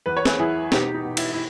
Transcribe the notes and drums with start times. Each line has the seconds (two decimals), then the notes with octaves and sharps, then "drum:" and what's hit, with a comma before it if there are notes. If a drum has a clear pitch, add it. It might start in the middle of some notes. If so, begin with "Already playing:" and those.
0.06 E2 B4
0.17 C#5
0.25 G#4 B4, drum: snare
0.39 E2 E4 G#4
0.72 B2 D#4 G4, drum: snare
0.94 D#4
1.05 B2
1.17 E4, drum: cymbal
1.33 E4